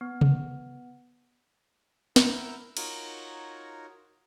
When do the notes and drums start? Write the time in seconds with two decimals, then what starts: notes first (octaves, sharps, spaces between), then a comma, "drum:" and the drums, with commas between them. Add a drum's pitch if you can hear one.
0.01 B3
0.21 drum: tom C3
2.16 E4 A#4 F#5 E6 G6, drum: snare
2.77 D#4 F4 F#4 A#4 C#5, drum: cymbal